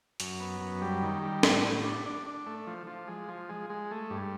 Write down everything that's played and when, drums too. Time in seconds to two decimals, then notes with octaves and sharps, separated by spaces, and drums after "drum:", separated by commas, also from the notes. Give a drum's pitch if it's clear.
0.20 F#2, drum: hi-hat
0.40 B3
0.61 F#2
0.82 G3
1.03 D#3
1.23 G3
1.43 A2, drum: snare
1.64 A2
1.84 D4
2.06 D4
2.26 D4
2.46 A3
2.67 F3
2.87 F3
3.07 G#3
3.29 F3
3.49 G#3
3.70 G#3
3.91 A3
4.10 G2